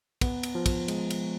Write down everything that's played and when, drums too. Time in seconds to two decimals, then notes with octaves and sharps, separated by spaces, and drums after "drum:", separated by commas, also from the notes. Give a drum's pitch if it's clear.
0.21 B3, drum: kick, cymbal
0.43 drum: cymbal
0.55 F3
0.66 drum: kick, cymbal
0.88 G#3, drum: cymbal
1.10 drum: cymbal